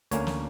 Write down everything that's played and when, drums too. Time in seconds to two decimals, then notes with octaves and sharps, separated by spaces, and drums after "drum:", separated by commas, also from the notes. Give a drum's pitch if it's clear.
0.11 D2 D3 A#3 C#4 C#5, drum: hi-hat
0.27 drum: snare